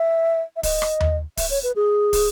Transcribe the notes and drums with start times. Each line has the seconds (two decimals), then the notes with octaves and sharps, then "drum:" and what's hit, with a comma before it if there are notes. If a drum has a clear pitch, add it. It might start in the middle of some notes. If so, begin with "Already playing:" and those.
Already playing: E5
0.56 E5
0.63 D#5, drum: kick, open hi-hat
0.82 drum: rim click
1.00 drum: tom D#2
1.37 E5, drum: kick, open hi-hat
1.50 C#5
1.63 B4
1.76 G#4
2.13 drum: kick, open hi-hat